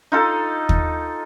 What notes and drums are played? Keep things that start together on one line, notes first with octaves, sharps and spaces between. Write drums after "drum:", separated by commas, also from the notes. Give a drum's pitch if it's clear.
D#4 F4 A4
drum: kick